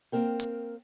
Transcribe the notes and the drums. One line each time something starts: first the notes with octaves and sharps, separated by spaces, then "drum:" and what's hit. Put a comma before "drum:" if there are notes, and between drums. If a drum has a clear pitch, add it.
A#3 C4 A#4 G5
drum: hi-hat